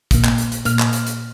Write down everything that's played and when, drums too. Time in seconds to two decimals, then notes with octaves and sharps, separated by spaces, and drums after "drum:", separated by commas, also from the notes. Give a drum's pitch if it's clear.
0.11 A#2 A#3, drum: kick, hi-hat
0.24 drum: clap
0.38 drum: hi-hat
0.52 drum: hi-hat
0.65 A#2 A#3 F6, drum: hi-hat
0.79 drum: clap
0.93 drum: hi-hat
1.07 drum: hi-hat